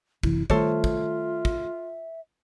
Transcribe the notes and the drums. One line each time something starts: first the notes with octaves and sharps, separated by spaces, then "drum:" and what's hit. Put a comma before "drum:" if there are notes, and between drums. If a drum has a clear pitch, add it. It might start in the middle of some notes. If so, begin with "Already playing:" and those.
F#1 C3 E3 E4, drum: kick
D#3 G3 A3 F4 A4 C5 C#5 E5, drum: kick
drum: kick
drum: kick